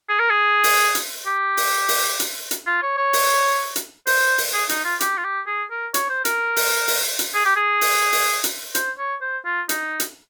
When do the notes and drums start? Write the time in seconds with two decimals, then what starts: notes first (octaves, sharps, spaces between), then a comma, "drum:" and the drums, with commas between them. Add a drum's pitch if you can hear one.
0.09 G#4
0.19 A#4
0.30 G#4
0.64 drum: open hi-hat
0.95 drum: hi-hat
1.26 G4
1.57 drum: open hi-hat
1.88 drum: open hi-hat
2.20 drum: hi-hat
2.51 drum: hi-hat
2.67 F4
2.83 C#5
2.97 C#5
3.13 drum: open hi-hat
3.76 drum: hi-hat
4.07 C5, drum: open hi-hat
4.38 drum: open hi-hat
4.54 G#4
4.69 D#4, drum: hi-hat
4.84 F4
5.00 G4, drum: hi-hat
5.17 F4
5.24 G4
5.47 G#4
5.71 A#4
5.94 C#5, drum: hi-hat
6.09 C5
6.25 A#4, drum: hi-hat
6.56 drum: open hi-hat
6.88 drum: open hi-hat
7.19 drum: hi-hat
7.35 G#4
7.45 G4
7.56 G#4
7.81 drum: open hi-hat
8.12 drum: open hi-hat
8.44 drum: hi-hat
8.75 C5, drum: hi-hat
8.98 C#5
9.21 C5
9.45 F4
9.69 D#4, drum: hi-hat
10.00 drum: hi-hat